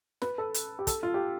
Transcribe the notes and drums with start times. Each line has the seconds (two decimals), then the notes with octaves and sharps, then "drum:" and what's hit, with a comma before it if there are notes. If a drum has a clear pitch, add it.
0.22 B4, drum: snare
0.38 A4
0.54 drum: hi-hat
0.79 G4
0.87 A4, drum: kick, hi-hat
1.03 F4
1.14 G4